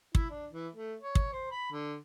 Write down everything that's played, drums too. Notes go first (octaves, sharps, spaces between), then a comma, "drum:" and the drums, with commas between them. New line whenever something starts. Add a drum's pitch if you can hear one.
E4, drum: kick
D4
E3
A3
C#5
drum: kick
C5
B5
D3